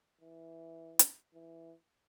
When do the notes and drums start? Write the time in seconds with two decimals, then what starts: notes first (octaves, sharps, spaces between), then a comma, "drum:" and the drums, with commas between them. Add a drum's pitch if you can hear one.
0.21 E3
0.99 drum: hi-hat
1.34 E3